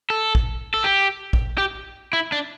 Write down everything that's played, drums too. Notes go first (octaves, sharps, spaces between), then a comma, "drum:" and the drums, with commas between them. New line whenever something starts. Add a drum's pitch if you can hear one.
A4
drum: kick
A4
G4
drum: kick
G4
E4
D4